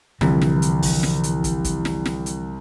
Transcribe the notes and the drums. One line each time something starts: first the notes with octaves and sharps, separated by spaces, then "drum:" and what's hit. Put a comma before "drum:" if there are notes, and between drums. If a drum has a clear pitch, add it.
C2 D3 E3 F3, drum: snare
drum: snare
drum: hi-hat
drum: kick, open hi-hat
drum: snare
drum: hi-hat
drum: kick, hi-hat
drum: kick, hi-hat
drum: snare
drum: snare
drum: hi-hat